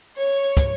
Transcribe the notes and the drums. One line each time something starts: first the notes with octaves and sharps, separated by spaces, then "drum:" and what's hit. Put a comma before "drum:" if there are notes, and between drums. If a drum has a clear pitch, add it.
C#5
drum: kick, hi-hat